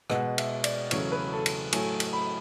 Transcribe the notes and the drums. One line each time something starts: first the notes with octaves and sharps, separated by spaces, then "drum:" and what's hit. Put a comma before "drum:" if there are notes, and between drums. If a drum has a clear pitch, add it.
B2 G#3 F#5, drum: rim click
E5, drum: cymbal
D5, drum: cymbal
E2 C#3 F#3 A3 C#5, drum: cymbal
B4
A4
drum: cymbal
A2 F#3 A3 G#5, drum: cymbal
drum: cymbal
B5